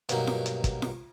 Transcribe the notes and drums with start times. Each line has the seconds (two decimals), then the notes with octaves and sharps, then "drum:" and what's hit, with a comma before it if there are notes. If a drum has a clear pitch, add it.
0.09 G2 B2 F#3 A#3 D#4, drum: hi-hat
0.27 drum: snare
0.46 drum: hi-hat
0.64 drum: kick, hi-hat
0.82 drum: snare